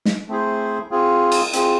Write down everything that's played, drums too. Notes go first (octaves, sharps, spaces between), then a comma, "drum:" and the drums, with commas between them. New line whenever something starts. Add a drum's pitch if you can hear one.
drum: snare
A3 C4 E4 G#4 C5
C4 F4 G#4
drum: cymbal
C4 F4 G#4, drum: hi-hat